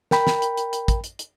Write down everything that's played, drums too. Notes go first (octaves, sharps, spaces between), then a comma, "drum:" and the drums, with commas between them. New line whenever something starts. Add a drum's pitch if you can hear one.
A#4 G5 B5, drum: snare
drum: snare
drum: hi-hat
drum: hi-hat
drum: hi-hat
drum: kick, hi-hat
drum: hi-hat
drum: hi-hat